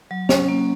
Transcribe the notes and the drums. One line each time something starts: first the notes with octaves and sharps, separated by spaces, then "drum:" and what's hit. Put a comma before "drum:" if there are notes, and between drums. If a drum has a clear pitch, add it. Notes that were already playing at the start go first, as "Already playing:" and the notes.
F#3
C#4, drum: snare
A#3